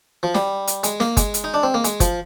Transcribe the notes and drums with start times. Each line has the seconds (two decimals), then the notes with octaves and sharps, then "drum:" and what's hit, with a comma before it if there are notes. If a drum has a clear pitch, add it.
0.23 F3
0.35 G3, drum: snare
0.67 drum: hi-hat
0.83 G#3, drum: hi-hat
1.00 A#3, drum: snare
1.17 G#3, drum: kick, hi-hat
1.34 drum: hi-hat
1.44 D#4
1.54 D4
1.63 C4
1.74 A#3
1.84 G#3, drum: hi-hat
2.00 F3, drum: kick, hi-hat